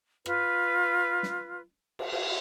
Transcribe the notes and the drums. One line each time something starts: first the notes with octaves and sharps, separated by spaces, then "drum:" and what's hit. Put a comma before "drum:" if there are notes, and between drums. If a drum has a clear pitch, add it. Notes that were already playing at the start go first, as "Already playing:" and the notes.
F4 B4, drum: rim click
drum: snare
drum: cymbal
drum: cymbal